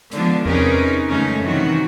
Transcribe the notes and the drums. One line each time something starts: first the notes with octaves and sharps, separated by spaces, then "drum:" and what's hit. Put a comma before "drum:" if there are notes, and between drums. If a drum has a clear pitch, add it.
D3 F3 G#3 B3 D4, drum: hi-hat
C3 C#4 D#4 G#4 A#4 B4, drum: tom E2
F#2 C#3 G#3 A3 C#4 D#4
C3 D#3 E3 F#3 F#4